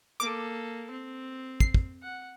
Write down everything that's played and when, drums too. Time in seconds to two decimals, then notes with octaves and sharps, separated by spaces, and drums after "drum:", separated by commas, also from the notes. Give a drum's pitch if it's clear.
0.20 A#3 A4 D6
0.91 C4
1.60 C7, drum: kick
1.74 drum: kick
2.03 F#5